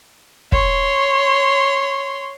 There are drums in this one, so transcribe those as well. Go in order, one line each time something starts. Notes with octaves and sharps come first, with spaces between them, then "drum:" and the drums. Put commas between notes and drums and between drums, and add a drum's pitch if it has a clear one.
C#5 C6, drum: kick